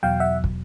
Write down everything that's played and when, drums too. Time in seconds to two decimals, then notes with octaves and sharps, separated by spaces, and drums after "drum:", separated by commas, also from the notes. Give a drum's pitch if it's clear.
0.03 E2 B2 F#3 F5 G5
0.20 E5 F#5
0.44 drum: kick